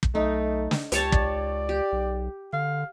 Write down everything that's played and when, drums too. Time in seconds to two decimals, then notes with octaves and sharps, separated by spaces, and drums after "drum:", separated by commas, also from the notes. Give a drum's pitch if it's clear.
0.03 drum: kick
0.15 B1 A3 D#4
0.71 drum: snare
0.92 C#2 G4 C#5 A5, drum: hi-hat
1.12 D5, drum: kick
1.69 G4
1.92 B1
2.53 D3 F5